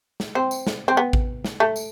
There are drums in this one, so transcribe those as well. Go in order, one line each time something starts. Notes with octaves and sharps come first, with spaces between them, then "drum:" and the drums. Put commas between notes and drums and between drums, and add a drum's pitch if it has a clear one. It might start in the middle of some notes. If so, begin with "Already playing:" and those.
drum: snare
C4
drum: tambourine
drum: snare
C4
B3
drum: kick A1
drum: snare
A3
drum: tambourine